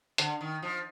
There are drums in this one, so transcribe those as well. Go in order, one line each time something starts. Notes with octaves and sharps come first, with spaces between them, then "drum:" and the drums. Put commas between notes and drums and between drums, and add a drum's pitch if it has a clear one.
D3, drum: hi-hat
D#3
F3